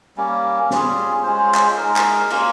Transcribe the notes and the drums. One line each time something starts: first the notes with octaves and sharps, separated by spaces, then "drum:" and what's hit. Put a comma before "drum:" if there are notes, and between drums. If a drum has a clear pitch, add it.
G3 A#3 C#4
G3 C#4 F4 G#4, drum: snare
G#3 C#4 F4 C5
drum: clap
G#3 D#4 A#4
drum: clap
A#3 C#4 F4 A#4, drum: cymbal